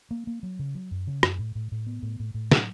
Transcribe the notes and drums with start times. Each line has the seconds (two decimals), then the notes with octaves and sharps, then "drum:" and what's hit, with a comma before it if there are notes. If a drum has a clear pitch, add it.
0.11 A#3
0.27 A#3
0.43 F#3
0.59 C#3
0.75 F#3
0.91 F#2
1.07 C#3
1.23 F#2, drum: rim click
1.38 A2
1.55 A2
1.72 A2
1.86 B3
2.03 A2
2.20 A2
2.34 A2
2.52 F#3, drum: snare